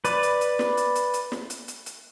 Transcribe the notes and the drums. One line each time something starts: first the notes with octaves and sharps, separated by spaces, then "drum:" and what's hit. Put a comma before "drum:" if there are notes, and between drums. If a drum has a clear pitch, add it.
B4 D5, drum: hi-hat
drum: hi-hat
drum: hi-hat
drum: snare
drum: hi-hat
drum: hi-hat
drum: hi-hat
drum: snare
drum: hi-hat
drum: hi-hat
drum: hi-hat